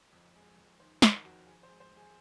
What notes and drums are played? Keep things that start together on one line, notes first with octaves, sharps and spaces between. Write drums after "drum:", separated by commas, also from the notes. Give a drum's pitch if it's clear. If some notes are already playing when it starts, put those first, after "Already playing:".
F2
G#3
F2
D#3 C5
D#3 A#4, drum: snare
F2 F#4
F2 G#4
C5
G#3
C5
F2
G#4